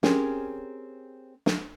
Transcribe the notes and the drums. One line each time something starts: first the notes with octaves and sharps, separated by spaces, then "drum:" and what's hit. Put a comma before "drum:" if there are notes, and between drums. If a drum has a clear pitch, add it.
C4 C#4 G4 G#4 A#4, drum: snare
drum: snare